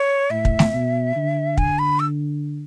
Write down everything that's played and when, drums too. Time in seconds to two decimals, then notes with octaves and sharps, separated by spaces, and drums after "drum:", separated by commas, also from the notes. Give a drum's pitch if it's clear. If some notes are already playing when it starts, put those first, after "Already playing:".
Already playing: C#5
0.30 A2 E5
0.45 drum: kick
0.59 drum: snare
0.74 B2
1.16 D3
1.57 G#5, drum: kick
1.79 B5
2.00 E6